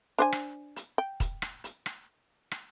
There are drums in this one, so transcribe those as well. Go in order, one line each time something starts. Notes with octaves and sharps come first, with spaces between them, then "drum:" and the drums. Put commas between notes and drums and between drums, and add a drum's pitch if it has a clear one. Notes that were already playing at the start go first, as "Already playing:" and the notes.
D4 C5 G#5
drum: rim click
drum: hi-hat
G5
drum: kick, hi-hat
drum: rim click
drum: hi-hat
drum: rim click
drum: rim click